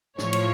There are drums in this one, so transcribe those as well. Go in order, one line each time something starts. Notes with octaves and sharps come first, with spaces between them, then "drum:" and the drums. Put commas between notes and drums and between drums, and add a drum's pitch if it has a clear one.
A2 F3 C#5, drum: snare
drum: cymbal